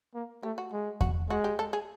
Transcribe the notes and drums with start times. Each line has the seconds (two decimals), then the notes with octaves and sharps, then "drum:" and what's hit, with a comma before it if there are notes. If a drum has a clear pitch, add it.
0.15 A#3
0.43 A3 G4
0.58 F#4
0.72 G#3
1.01 F#4, drum: kick E2
1.30 G#3 F#4
1.44 G4
1.59 A4
1.73 G#4